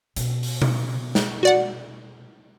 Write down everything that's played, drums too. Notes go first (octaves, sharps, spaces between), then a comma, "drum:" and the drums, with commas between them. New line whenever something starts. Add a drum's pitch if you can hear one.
B2, drum: hi-hat
drum: open hi-hat
drum: tom B2
drum: snare
F#4 D5 F#5